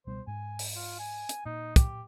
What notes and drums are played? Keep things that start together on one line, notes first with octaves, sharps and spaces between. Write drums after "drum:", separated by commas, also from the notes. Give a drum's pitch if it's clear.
C#2 B2 G3 C5
G#2 G#5
drum: open hi-hat
F4
G#5
drum: hi-hat
A#2 D#4
G4, drum: kick, hi-hat